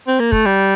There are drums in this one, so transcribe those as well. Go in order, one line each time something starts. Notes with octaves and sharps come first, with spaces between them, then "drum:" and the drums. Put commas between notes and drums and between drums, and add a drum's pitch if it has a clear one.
C4
A#3
A3, drum: kick
G3